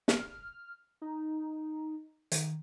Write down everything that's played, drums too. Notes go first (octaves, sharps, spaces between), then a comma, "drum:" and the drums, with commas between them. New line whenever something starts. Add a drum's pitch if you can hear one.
F6, drum: snare
D#4
D#3, drum: hi-hat